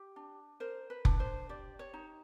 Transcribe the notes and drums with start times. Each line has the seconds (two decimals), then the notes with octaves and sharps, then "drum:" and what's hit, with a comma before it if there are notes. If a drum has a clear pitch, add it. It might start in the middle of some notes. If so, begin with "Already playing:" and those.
Already playing: G4
0.16 D4
0.60 A#4 C5
0.90 B4
1.05 D4, drum: kick F1
1.20 C5
1.49 G4 D5
1.79 C#5
1.94 D#4